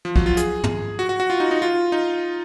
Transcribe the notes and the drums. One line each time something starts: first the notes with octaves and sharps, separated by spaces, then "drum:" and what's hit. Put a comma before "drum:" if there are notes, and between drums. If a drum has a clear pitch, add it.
F3
F#3, drum: kick
F4
G#4, drum: hi-hat
drum: tom
F#4
F#4
F#4
F4
D#4
D#4
F4
D#4